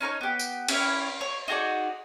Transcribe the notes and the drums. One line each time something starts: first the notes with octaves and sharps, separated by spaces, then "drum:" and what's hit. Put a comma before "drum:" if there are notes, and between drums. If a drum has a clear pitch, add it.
C#4 D#4 A#4 C#5
B3 G4
drum: tambourine
C#4 E4 G4 C#5, drum: cymbal
C#5
D#4 F#4 G#4 D5